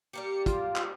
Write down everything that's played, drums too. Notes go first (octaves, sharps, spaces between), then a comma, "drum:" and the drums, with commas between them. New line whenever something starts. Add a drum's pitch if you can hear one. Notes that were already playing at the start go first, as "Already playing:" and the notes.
G3 A#3 G4 C#7
F4, drum: kick, hi-hat
drum: clap